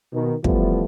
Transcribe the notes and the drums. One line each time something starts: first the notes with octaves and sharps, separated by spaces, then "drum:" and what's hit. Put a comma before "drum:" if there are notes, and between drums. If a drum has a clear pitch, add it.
B2 D#3
E3 F3 G3 A3 B3 F4, drum: kick